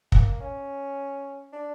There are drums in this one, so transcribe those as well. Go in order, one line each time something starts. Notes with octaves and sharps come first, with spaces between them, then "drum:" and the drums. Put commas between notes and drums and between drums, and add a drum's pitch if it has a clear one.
A#3, drum: kick
C#4
D4